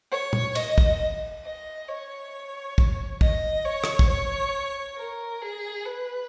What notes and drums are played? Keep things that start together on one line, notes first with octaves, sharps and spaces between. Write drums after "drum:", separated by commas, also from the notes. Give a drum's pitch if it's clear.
C#5
drum: tom
D#5, drum: cymbal
drum: kick
D#5
C#5
drum: kick
D#5, drum: kick
C#5
drum: rim click
drum: kick
C#5
A#4
G#4
B4